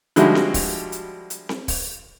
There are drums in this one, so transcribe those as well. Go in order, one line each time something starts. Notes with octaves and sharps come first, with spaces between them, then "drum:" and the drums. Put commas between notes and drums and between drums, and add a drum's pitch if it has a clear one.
D3 F3 G3 G#3 E4 F#4, drum: hi-hat
drum: snare C4
drum: kick, open hi-hat
drum: hi-hat
drum: hi-hat
drum: snare C4
drum: kick, open hi-hat